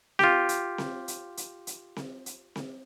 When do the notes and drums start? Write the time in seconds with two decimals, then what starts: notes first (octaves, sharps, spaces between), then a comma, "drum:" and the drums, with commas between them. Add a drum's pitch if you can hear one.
0.19 F4 G4, drum: snare C4
0.49 drum: hi-hat
0.78 drum: snare C4
1.08 drum: hi-hat
1.37 drum: hi-hat
1.67 drum: hi-hat
1.96 drum: snare C4
2.26 drum: hi-hat
2.56 drum: snare C4